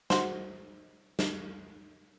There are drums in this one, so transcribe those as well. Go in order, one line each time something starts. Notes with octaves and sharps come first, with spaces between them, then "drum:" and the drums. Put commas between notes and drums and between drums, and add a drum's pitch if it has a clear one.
F#4 C5, drum: snare
drum: snare